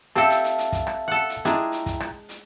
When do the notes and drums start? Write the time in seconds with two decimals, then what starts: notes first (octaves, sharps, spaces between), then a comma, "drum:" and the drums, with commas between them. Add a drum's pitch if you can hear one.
0.16 C4 G4 A4 E5 F5 A5, drum: hi-hat
0.30 drum: hi-hat
0.44 drum: hi-hat
0.58 drum: hi-hat
0.72 drum: kick, hi-hat
0.87 drum: rim click
1.08 A4 F#5
1.29 drum: hi-hat
1.45 G#3 D4 E4 F4 G#4 G5 A#5, drum: hi-hat
1.72 drum: hi-hat
1.86 drum: kick, hi-hat
2.00 drum: rim click
2.29 drum: hi-hat